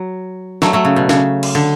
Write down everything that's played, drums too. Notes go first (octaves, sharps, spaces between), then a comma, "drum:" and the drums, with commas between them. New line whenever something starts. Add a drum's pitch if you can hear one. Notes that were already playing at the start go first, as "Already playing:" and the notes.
Already playing: F#3
F#3 A3, drum: snare
F#3 A3
C#3
B2
C#3, drum: snare
drum: cymbal
D3